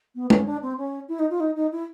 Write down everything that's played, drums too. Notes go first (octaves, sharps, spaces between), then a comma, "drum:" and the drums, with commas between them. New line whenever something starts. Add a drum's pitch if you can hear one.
B3
C#4, drum: tom
D4
C4
C#4
E4
D#4
F4
D#4
D#4
E4